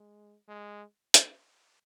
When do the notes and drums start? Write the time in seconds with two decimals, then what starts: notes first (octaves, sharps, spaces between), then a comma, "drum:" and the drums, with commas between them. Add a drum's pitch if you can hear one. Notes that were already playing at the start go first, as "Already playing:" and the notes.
Already playing: G#3
0.48 G#3
1.14 drum: hi-hat